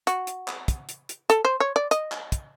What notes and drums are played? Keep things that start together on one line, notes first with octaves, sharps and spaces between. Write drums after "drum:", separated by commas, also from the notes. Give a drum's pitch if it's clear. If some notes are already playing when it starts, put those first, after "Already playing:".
F#4, drum: hi-hat
drum: hi-hat
drum: clap
drum: kick, hi-hat
drum: hi-hat
drum: hi-hat
A4, drum: hi-hat
C5
C#5
D5
D#5, drum: hi-hat
drum: clap
drum: kick, hi-hat